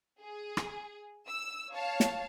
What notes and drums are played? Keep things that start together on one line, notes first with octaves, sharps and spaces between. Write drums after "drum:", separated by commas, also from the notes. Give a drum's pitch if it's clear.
G#4
drum: rim click
E6
C#5 F5 A5
drum: snare